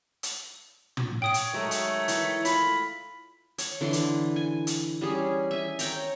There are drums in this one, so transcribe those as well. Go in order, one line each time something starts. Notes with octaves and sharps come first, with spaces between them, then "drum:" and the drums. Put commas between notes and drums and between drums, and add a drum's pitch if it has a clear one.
drum: hi-hat
drum: tom
C#5 G5 D#6 D7
drum: hi-hat
D#3 F#3 G#3 A3 A#4
drum: hi-hat
E3 E4, drum: hi-hat
F4 B5, drum: hi-hat
C#5, drum: hi-hat
D3 E3 C6
drum: hi-hat
G#5
drum: hi-hat
G3 C#4 G#4
E5 G#5
C#5 G5 A#5, drum: hi-hat